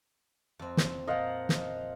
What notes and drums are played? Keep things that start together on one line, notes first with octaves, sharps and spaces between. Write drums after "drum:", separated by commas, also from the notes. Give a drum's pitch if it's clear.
F2 C4
drum: snare
A#2 F3 D#5 F5 F#5
drum: snare